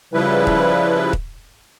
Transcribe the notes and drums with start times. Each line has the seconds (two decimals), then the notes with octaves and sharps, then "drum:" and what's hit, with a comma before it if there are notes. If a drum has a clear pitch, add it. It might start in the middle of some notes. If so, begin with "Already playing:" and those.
0.14 C#3 F3 G3 E4 B4
0.47 drum: kick
1.13 drum: kick